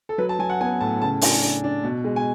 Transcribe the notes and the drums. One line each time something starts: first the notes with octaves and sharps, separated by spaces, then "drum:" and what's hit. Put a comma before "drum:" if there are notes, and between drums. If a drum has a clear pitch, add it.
A4
F#3 B4
A5
F#3 G#5
F#5
B3 G#5
A2 A5
C#3 A5
D4 G#5, drum: open hi-hat
D4
D4
B2
G#3
G#5